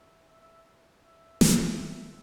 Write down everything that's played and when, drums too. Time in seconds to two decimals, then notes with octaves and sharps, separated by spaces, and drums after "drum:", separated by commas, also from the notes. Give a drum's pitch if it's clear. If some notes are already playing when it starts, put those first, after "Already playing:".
Already playing: E5
0.30 E5
1.04 E5
1.41 E5, drum: snare
1.78 E5